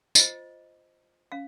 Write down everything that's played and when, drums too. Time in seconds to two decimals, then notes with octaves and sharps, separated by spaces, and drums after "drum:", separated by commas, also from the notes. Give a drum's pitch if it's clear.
0.15 F4 C5 D#5, drum: tambourine
1.32 C#4 F5